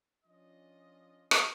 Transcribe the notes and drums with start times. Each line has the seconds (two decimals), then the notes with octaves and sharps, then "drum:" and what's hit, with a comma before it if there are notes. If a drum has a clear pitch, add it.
0.25 F3 C#4 D4 F4 D#5
1.31 drum: rim click